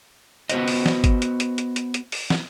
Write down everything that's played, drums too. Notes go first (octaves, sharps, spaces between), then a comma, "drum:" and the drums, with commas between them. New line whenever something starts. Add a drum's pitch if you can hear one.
B3 F#4 C5 D#5, drum: hi-hat
drum: open hi-hat
drum: snare
drum: kick G1, hi-hat
drum: hi-hat
drum: hi-hat
drum: hi-hat
drum: hi-hat
drum: hi-hat
drum: open hi-hat
drum: snare